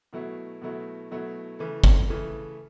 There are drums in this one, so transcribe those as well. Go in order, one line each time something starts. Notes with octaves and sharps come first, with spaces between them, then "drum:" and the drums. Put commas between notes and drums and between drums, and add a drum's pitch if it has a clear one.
B2 F#3 A3 E4
B2 F#3 A3 E4
B2 F#3 A3 E4
C#3 E3 A3
drum: kick
C#3 E3 A3